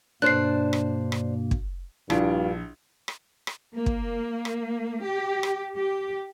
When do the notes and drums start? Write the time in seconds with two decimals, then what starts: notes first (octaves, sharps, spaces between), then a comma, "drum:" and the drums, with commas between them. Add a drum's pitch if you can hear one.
0.22 G2 B2 A#3 D4 C5 F#6 C7
0.73 drum: rim click
1.12 drum: rim click
1.51 drum: kick
2.10 A#1 G2 E4 F4, drum: rim click
3.08 drum: rim click
3.47 drum: rim click
3.76 A#3
3.86 drum: kick
4.45 drum: rim click
5.03 G4
5.43 drum: rim click
5.75 G4